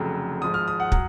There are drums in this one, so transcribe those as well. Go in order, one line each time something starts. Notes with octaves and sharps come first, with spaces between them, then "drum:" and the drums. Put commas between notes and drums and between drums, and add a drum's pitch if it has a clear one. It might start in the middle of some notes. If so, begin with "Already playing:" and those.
Already playing: F1 F2 C#3 F#3
G#1 G#2 F3 G#3 D#6
F6
D#6
F#5
F#3, drum: kick